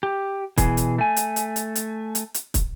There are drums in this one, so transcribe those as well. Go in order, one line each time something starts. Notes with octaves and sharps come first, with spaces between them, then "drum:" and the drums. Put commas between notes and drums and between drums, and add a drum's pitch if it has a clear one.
G4
B2 E3 G#4, drum: kick, hi-hat
drum: hi-hat
A3 G#5
drum: hi-hat
drum: hi-hat
drum: hi-hat
drum: hi-hat
drum: hi-hat
drum: hi-hat
drum: kick, hi-hat